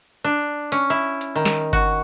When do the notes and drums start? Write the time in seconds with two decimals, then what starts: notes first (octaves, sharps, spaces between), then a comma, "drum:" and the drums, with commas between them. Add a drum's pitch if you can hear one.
0.24 D4
0.72 C#4, drum: hi-hat
0.90 E4
1.21 drum: hi-hat
1.35 D#3
1.45 drum: snare
1.73 F#4, drum: kick G1, hi-hat